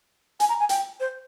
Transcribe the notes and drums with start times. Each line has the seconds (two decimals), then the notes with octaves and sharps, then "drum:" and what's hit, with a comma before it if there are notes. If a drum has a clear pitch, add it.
0.40 G#5, drum: hi-hat
0.49 A#5
0.60 G#5
0.69 G5, drum: hi-hat
1.00 C5